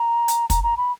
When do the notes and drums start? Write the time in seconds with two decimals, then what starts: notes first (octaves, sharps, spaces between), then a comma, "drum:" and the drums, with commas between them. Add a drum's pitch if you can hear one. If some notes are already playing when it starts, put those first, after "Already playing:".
Already playing: A#5
0.28 drum: hi-hat
0.50 A#5, drum: kick, hi-hat
0.63 A#5
0.77 B5